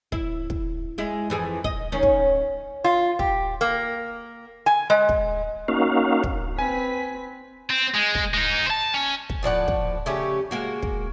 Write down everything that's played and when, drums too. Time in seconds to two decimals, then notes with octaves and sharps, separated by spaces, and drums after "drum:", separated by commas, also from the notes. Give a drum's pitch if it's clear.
0.12 E4, drum: kick
0.50 drum: kick
0.98 G#3 E4
1.30 F2 E3 G#4
1.64 D#5, drum: kick
1.92 D#3 C#4
2.03 drum: kick
2.84 F4
3.19 G4, drum: kick
3.61 A#3
4.66 G#5
4.90 G#3
5.09 drum: kick
5.68 A#3 C#4 D#4 F#4 F5
6.24 drum: kick
6.59 C4 B4 G#5 B6
7.71 C4
7.95 G#3
8.15 drum: kick
8.34 G#3 D#4
8.66 C5 A5
8.94 C#4
9.30 drum: kick
9.43 A2 F3 D5 F#5
9.68 drum: kick
10.06 C#3 A3 C#4 G4
10.51 G#3 A#3 F#4
10.82 drum: kick